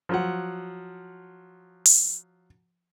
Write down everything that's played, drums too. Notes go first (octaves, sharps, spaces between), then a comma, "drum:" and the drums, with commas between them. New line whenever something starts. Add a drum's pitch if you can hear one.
F3 F#3 F#5
drum: open hi-hat